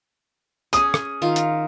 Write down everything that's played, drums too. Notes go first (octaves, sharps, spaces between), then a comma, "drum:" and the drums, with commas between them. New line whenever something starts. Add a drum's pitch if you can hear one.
C#4 G#4 D#6, drum: hi-hat
drum: rim click
D#3 F4
drum: hi-hat